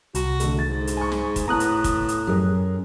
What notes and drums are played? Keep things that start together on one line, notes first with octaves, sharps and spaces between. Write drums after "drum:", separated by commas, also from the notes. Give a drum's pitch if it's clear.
C2 F#4, drum: hi-hat
D3 A3, drum: hi-hat
G#2 A6
drum: hi-hat
G#5 C#6
drum: snare
drum: kick, hi-hat
A2 B3 A5 A#5 D#6 F#6
drum: hi-hat
drum: kick, hi-hat
drum: hi-hat
F#2 G4 G#4 A#4